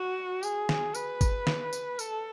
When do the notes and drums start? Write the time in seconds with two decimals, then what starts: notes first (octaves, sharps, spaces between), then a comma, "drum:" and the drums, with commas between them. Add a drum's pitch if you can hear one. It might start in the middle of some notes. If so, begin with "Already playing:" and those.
Already playing: F#4
0.43 G#4, drum: tambourine
0.69 drum: snare
0.95 B4, drum: tambourine
1.21 drum: kick G#1, tambourine
1.47 drum: snare
1.73 drum: tambourine
1.99 A4, drum: tambourine